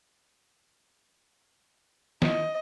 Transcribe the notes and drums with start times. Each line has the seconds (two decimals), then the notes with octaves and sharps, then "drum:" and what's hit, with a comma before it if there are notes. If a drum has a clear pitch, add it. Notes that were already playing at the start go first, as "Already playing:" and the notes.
2.22 D#5, drum: snare